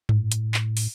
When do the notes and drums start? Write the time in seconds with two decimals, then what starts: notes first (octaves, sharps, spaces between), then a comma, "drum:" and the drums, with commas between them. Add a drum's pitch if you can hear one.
0.09 A2, drum: tom G2
0.32 drum: hi-hat
0.54 drum: clap
0.77 drum: open hi-hat